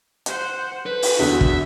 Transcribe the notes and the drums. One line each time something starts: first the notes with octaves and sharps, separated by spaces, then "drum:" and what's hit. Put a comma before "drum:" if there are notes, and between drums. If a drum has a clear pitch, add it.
C5 F#5, drum: hi-hat
A4 B4 C5
drum: open hi-hat
E2 D3 F#4 E5
drum: kick